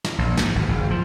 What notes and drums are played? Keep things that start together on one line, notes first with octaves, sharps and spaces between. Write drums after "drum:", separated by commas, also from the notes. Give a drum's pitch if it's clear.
drum: snare
A#1
G#2, drum: snare
G#1
F#1
F3